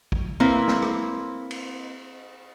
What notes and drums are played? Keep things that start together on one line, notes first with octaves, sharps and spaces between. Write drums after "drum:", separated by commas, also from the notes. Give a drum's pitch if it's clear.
drum: kick
A#3 C4 E4 B4
drum: snare
drum: rim click
drum: cymbal